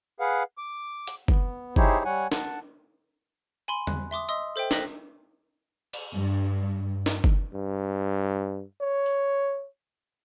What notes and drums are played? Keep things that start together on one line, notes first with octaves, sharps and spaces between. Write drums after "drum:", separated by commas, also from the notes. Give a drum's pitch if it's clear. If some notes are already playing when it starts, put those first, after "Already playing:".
G#4 B4 F5 F#5
D6
drum: hi-hat
B3, drum: kick
D#4 E4 G4 G#4 C5 C#5, drum: kick
G3 C#5 F#5 G#5
F#5 A5, drum: snare
G#5 B5 C6
F#6, drum: tom
E5 C6 D6 D#6
D#5 E5 C6 D#6 E6
A4 C5 E5 G5
F#6 A#6 B6 F#7 G7, drum: snare
drum: cymbal
G2
drum: snare
drum: kick
G2
C#5
drum: tambourine